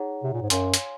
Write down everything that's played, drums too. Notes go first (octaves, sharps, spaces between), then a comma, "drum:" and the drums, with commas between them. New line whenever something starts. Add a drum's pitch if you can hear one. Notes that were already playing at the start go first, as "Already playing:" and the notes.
Already playing: D#4 G#4 C#5 F#5 A#5
C3
A#2
G#2
F#2 C#5 F5 G#5 C6, drum: hi-hat
drum: hi-hat